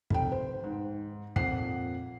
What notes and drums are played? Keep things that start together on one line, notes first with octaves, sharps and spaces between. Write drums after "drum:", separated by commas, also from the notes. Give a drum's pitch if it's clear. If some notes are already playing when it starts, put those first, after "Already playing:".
F1 G5, drum: kick
C5
G#2
F2 A#2 F#5 C7, drum: kick